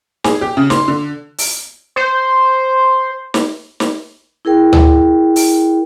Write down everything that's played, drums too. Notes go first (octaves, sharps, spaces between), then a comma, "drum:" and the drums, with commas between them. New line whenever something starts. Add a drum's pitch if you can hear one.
G#4, drum: snare
G4
C#3
C6, drum: snare
D3
drum: open hi-hat
C5
drum: snare
drum: snare
E4 G#4 A#4 G5
drum: tom D2
drum: open hi-hat